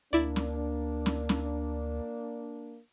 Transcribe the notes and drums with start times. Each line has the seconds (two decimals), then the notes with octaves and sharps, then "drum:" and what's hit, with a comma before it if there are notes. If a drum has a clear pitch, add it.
0.13 D2 A#3 D4 E4 D5
0.36 drum: snare C#4
1.06 drum: snare C#4
1.29 drum: snare C#4